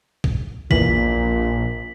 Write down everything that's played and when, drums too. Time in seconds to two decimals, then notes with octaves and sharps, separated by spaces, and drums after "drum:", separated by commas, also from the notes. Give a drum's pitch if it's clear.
0.24 drum: kick
0.71 A#1 E2 A#2 E3 A#3 B6 F#7, drum: kick